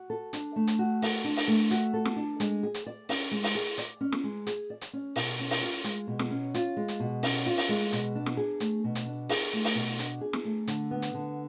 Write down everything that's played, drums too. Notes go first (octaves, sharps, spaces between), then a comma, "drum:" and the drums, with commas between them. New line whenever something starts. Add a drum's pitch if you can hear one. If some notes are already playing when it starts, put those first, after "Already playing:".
Already playing: F#4
A4
D4, drum: hi-hat
A3
drum: hi-hat
F#4
A4, drum: open hi-hat
D4
drum: open hi-hat
A3
F#4, drum: hi-hat
A4
drum: snare
D4
G#3, drum: hi-hat
G#4
drum: hi-hat
D5
C#4, drum: open hi-hat
G#3
drum: open hi-hat
G#4
D5, drum: hi-hat
C#4
drum: snare
G#3
G#4, drum: hi-hat
D5
drum: hi-hat
C#4
B2, drum: open hi-hat
C#4
drum: open hi-hat
F4
G#3, drum: hi-hat
B2
drum: snare
C#4
F4, drum: hi-hat
G#3
drum: hi-hat
B2
C#4, drum: open hi-hat
F4
drum: open hi-hat
G#3
B2, drum: hi-hat
D4
drum: snare
G#4
A3, drum: hi-hat
B2
drum: hi-hat
D4
G#4, drum: open hi-hat
A3
drum: open hi-hat
B2
D4, drum: hi-hat
G#4
drum: snare
A3
D3, drum: hi-hat
B3
drum: hi-hat
D3